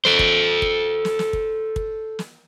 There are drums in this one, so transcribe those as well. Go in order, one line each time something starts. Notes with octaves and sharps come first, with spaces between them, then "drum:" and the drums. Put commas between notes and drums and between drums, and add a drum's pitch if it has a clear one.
A4 C5, drum: snare
drum: kick
drum: kick
drum: snare
drum: snare
drum: kick
drum: kick
drum: snare